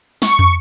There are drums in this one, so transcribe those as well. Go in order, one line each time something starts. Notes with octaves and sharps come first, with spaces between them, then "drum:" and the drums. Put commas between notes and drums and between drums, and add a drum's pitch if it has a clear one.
C#6, drum: snare
drum: tom